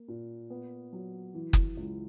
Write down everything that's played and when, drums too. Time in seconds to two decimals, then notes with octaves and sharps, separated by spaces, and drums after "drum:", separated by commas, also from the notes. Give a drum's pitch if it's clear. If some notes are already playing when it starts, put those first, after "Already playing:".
Already playing: A#3
0.08 A#2
0.50 B3
0.93 F#3
1.34 E3
1.53 drum: kick F#1
1.77 C#2